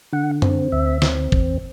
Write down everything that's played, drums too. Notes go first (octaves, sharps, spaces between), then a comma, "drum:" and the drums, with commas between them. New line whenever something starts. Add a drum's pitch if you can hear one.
D3 F#5
C4, drum: tom F#2
D2 E5
C4, drum: snare
E2, drum: kick